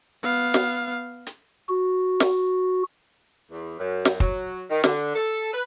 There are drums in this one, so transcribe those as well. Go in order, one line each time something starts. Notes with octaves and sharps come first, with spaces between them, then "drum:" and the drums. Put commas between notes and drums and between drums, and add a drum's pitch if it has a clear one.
B3 F5
drum: snare
drum: hi-hat
F#4
drum: snare
E2
F#2
drum: snare
F#3, drum: kick
D#3
D3, drum: snare
A4
B4